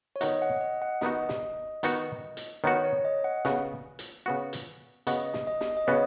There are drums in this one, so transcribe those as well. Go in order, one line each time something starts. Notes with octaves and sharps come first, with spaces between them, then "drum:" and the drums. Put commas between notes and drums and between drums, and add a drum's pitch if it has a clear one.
C#5
D#3 B3 D#4 F#4 D#5, drum: hi-hat
F#5
D#5
F#5
D#3 B3 D#4 F#4 D#5, drum: snare
drum: snare
D#3 B3 D#4 F#4, drum: hi-hat
drum: hi-hat
D#3 B3 D#4 F#4 C#5
C#5
D#5
F#5
C#3 B3 F#4, drum: snare
drum: hi-hat
C#3 B3 F#4
drum: hi-hat
C#3 B3 F#4 D#5, drum: hi-hat
drum: snare
D#5
drum: snare
D#5
C#3 B3 F#4 C#5